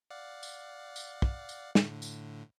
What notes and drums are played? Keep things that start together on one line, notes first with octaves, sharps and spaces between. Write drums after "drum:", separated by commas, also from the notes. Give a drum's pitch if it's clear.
D5 F5 F#5
drum: tambourine
drum: tambourine
drum: kick
drum: tambourine
A2 D3, drum: snare
drum: tambourine